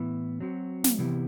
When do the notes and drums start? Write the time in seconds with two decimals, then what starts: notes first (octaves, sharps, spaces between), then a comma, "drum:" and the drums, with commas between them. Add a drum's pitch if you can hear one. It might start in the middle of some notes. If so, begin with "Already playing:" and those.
Already playing: A2 E3 B3 E4
0.41 F#3 C4 F#4
0.84 drum: snare
0.98 C3 E3 B3 E4 G4